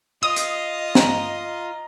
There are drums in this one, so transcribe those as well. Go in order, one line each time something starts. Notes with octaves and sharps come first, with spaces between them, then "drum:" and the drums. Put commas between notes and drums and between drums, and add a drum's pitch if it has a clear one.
F4 D#5 D#6
drum: hi-hat
A#5, drum: snare